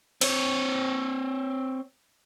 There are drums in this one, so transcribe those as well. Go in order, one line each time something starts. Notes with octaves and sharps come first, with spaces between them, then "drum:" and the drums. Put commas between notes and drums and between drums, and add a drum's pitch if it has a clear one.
C4 C#5, drum: cymbal